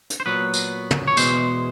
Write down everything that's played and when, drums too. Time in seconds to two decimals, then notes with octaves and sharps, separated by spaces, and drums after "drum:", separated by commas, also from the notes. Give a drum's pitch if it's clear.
0.10 drum: hi-hat
0.20 C5
0.26 A#2 F#3 B3 B4
0.54 drum: tambourine
0.91 drum: tom
1.07 C#5
1.17 E2 B2 G#3 C5, drum: tambourine